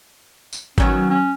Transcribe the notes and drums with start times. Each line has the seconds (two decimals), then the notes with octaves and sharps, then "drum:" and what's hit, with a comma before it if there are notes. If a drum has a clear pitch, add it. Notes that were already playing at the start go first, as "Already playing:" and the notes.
0.53 drum: tambourine
0.78 D#3 F#3 B3 C#4, drum: kick G#1
1.10 C#4